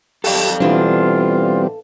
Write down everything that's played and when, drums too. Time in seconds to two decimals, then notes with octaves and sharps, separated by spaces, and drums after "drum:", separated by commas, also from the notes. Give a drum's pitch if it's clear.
0.24 F2 D#3 G3 G4 A4 F5, drum: open hi-hat
0.60 B2 E3 G3 C4 D4 F4